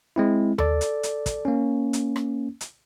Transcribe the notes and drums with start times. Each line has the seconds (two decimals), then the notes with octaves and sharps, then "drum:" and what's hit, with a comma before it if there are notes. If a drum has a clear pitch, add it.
0.16 G#3 C4 E4
0.58 A4 D5, drum: tom D#2
0.81 drum: hi-hat
1.03 drum: hi-hat
1.26 drum: kick, hi-hat
1.45 A#3 C#4
1.93 drum: hi-hat
2.16 drum: rim click
2.61 drum: hi-hat